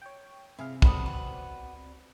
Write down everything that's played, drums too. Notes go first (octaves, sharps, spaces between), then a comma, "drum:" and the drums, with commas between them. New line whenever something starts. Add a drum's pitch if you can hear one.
C#5 G5
C3 E4 G#4 F5
C#2 B3 C4 F#4 A4 D5 B5 D#6, drum: kick
B4